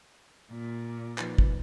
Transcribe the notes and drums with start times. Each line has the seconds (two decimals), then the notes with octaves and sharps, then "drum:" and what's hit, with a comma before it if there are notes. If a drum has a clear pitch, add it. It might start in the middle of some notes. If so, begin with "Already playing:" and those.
0.52 A#2
1.18 F3 D#4 B4, drum: clap
1.38 drum: kick